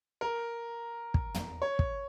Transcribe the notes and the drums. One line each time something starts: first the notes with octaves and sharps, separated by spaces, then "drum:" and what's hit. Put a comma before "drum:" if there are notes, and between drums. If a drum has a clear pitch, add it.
A#4
drum: kick
drum: tom
C#5
drum: kick